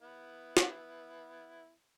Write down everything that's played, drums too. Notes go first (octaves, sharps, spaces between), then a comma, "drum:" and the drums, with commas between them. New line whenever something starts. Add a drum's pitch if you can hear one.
B3 E4
drum: snare